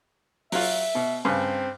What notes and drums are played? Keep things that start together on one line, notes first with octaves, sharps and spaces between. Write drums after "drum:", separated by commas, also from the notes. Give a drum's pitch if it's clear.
F#3 F4 E5, drum: open hi-hat
B2
G2 C#3 C4